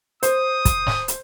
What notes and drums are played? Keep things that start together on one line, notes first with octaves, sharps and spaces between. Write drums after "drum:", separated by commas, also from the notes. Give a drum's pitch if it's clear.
C5 D#6, drum: hi-hat
drum: kick, hi-hat
drum: snare
drum: hi-hat